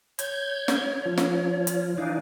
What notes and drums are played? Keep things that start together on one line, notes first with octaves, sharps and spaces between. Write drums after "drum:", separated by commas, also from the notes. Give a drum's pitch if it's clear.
C#5 G6 G#6, drum: hi-hat
drum: snare
F3
drum: snare
drum: hi-hat
E3 D4 D#4 F5